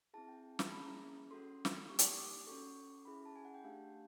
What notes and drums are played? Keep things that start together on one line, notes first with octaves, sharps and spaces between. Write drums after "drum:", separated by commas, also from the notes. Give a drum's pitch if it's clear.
C4 E4 G#4 A5
G5
drum: snare
A#3 C#4 E4 G#4 B5
A#5
C#4 F#4 A4 C6
drum: snare
A#3 D#4 G4 C#6
D6, drum: hi-hat
D#6
D6
D6
C#4 F#4 A4 C#6
C#4 E4 G#4 B5
B5
A5
G#5
F#5
G5
A3 D4 G4 F5